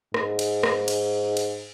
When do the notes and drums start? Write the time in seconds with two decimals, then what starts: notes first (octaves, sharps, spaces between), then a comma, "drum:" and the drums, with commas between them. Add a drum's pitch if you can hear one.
0.14 G#2, drum: rim click
0.39 drum: cymbal
0.63 drum: rim click
0.88 drum: cymbal
1.37 drum: cymbal